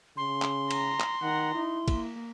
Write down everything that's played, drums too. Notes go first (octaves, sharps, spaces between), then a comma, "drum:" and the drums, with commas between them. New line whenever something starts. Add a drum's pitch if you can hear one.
C#3 C6
drum: clap
A#5, drum: cymbal
drum: clap
D#3 F#5 A#5
D#4 E4
A#3, drum: kick, cymbal